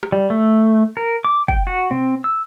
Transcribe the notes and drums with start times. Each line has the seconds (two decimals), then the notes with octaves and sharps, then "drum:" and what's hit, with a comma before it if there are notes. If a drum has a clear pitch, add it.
0.03 drum: rim click
0.12 G3
0.30 A3
0.97 A#4
1.25 D6
1.48 G5, drum: kick
1.67 F#4
1.91 C4, drum: tom B2
2.24 E6